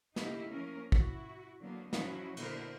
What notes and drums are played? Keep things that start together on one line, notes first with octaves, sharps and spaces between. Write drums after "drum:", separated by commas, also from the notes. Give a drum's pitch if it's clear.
C#3 A3 A#3 D#4 E4 G4, drum: snare
F3 A#3 C#4 A#4
E4 F#4, drum: kick
D3 F#3 A#3 B3
F3 F#3 C#4 D#4 E4 F#4, drum: snare
A#2 D3 B3 E4 A#4 C5, drum: cymbal